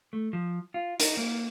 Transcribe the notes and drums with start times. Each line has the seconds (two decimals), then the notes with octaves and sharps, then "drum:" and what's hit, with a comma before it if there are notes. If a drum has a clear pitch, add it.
0.13 A3
0.33 F3
0.74 F4
1.00 D#4, drum: hi-hat
1.17 A#3